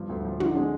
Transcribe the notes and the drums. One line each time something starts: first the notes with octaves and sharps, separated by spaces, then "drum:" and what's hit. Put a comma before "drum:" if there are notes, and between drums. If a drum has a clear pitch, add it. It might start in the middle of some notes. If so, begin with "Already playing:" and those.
Already playing: G2 F3
D2
F3
D3, drum: tom
G#3